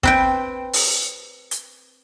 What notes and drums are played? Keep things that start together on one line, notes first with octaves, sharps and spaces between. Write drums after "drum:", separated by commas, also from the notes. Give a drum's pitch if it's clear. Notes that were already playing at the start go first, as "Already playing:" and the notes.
C4 B4 G5, drum: kick
drum: open hi-hat
drum: hi-hat